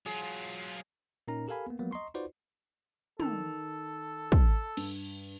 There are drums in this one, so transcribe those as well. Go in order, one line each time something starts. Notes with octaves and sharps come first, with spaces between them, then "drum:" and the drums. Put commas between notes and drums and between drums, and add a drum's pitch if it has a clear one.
F#3 F4 G#4
A#2 C#4 D#4 A#4 A#5
G4 A4 A#4 F5 G#5 B5
A#3 B3
F3 F#3 G#3 A#3 B3
D#5 A#5 C6 C#6
D#4 F4 F#4 B4 C5 D5
D#3 A4 F7, drum: tom
drum: kick
G2, drum: cymbal